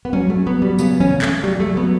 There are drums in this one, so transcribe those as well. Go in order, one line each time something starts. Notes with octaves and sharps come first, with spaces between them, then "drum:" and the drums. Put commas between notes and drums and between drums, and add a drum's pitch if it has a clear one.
B3
F#3 C#4, drum: tom F#3
A3
F#3 B3
G3
C#3 B3, drum: tambourine
C#4, drum: tom D#3
C#3
A3, drum: clap
F#3 G3
G3
A3
F#3 B3